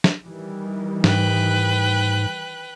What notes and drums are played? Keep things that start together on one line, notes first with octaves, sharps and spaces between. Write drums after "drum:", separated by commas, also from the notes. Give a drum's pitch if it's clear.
drum: snare
D#3 E3 G3
G#2 B4 G5 F#6, drum: snare